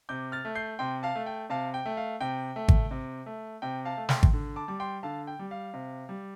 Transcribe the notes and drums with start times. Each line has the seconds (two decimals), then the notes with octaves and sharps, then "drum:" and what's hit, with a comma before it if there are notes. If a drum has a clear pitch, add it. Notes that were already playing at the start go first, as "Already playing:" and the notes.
0.09 C3 D6 G6
0.32 F6 A6
0.45 A3
0.55 G6 C7
0.79 C3 G5 C6
1.03 F5 A5
1.15 A3
1.26 G5
1.50 C3 F5 A5
1.74 G5
1.86 A3
1.97 F5
2.21 C3 G5
2.56 A3
2.68 drum: kick G#1
2.91 C3
3.26 A3
3.62 C3 G5
3.85 F5 A5
3.97 A3
4.09 G5 C6, drum: snare
4.23 drum: kick G#1
4.33 D3
4.56 A5 D6
4.68 G3 D6
4.80 G5 C6
5.03 D3 F5 A5
5.27 G5
5.39 G3
5.51 F5
5.74 C3
6.09 G3